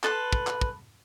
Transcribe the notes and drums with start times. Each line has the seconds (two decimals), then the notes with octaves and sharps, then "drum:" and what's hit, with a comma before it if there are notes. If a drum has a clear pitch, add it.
0.04 A4 B4 A5 C6, drum: clap
0.33 drum: kick
0.47 drum: clap
0.61 drum: kick